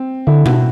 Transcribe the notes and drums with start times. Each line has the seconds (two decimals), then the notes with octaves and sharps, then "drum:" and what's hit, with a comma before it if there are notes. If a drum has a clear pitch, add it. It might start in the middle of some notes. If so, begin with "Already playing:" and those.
Already playing: C4
0.27 D3 E4
0.46 F#4, drum: tom B2